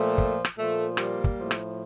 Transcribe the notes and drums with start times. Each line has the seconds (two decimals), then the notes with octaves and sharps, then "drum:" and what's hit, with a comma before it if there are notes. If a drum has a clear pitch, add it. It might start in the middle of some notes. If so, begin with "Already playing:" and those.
Already playing: A#2 F3 A3
0.18 drum: kick
0.45 drum: rim click
0.58 A#2 F3 A3
0.97 G3 A#3, drum: rim click
1.24 drum: kick
1.37 A2 F3
1.51 drum: rim click